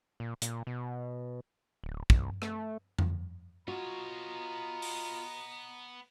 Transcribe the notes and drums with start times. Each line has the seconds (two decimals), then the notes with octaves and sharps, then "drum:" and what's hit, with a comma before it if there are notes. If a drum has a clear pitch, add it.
0.20 A#2
0.42 A#2, drum: hi-hat
0.67 B2
1.84 D1
2.10 C2, drum: kick
2.42 A3, drum: rim click
2.99 drum: tom F2
3.68 B3 F4 F#4 C#5 D#5 A#5
4.82 drum: open hi-hat